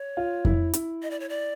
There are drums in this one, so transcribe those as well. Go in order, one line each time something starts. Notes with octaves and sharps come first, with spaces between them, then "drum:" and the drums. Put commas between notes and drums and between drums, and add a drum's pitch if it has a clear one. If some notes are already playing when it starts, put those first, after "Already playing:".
Already playing: C#5
F4
E4, drum: kick F2
E4, drum: hi-hat
D#5
D5
C#5
D5